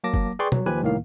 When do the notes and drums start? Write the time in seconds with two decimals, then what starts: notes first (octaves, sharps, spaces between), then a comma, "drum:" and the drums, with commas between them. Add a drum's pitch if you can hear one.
0.04 F#3 A#3 A5 D6 A#6
0.14 drum: kick
0.39 G#4 B4 D5 G5 C6 C#6
0.52 F#3, drum: tom
0.66 D#2 F3 G4 B4 G#5
0.82 C2 A2 D#3 A#3 F5